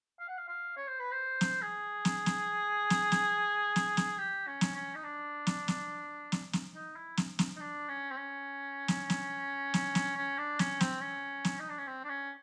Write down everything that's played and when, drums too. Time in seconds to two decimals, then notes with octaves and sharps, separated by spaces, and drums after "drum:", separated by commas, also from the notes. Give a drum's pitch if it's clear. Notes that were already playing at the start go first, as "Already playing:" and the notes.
0.20 F5
0.28 F#5
0.38 F5
0.48 F5
0.77 C#5
0.88 C5
1.00 B4
1.11 C5
1.41 drum: snare
1.62 G#4
2.05 drum: snare
2.26 drum: snare
2.90 drum: snare
3.12 drum: snare
3.76 drum: snare
3.97 drum: snare
4.18 G4
4.47 C#4
4.61 drum: snare
4.75 C#4
4.95 D#4
5.04 D4
5.47 drum: snare
5.68 drum: snare
6.32 drum: snare
6.53 drum: snare
6.75 D#4
6.96 E4
7.17 drum: snare
7.39 drum: snare
7.56 D#4
7.60 D4
7.89 C#4
8.11 C4
8.17 C#4
8.88 drum: snare
9.10 drum: snare
9.74 drum: snare
9.95 drum: snare
10.16 C#4
10.38 D4
10.59 C#4, drum: snare
10.81 C4, drum: snare
11.02 C#4
11.45 drum: snare
11.59 D#4
11.69 D4
11.78 C#4
11.87 C4
12.04 D4
12.09 C#4